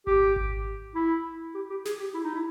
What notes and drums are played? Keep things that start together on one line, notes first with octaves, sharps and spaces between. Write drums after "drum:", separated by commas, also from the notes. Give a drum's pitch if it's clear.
G4, drum: kick G#1
drum: kick G#1
E4
G4
G4
G#4, drum: snare
G4
E4
D#4
E4